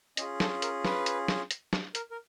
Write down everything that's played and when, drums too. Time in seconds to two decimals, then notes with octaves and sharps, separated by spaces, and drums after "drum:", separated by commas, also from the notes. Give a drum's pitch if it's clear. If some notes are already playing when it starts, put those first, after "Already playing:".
0.17 C#4 F4 G#4 D#5, drum: hi-hat
0.40 A4, drum: snare
0.62 A#4, drum: hi-hat
0.85 B4, drum: snare
1.06 drum: hi-hat
1.28 drum: snare
1.51 drum: hi-hat
1.73 drum: snare
1.95 A#4, drum: hi-hat
2.11 A#4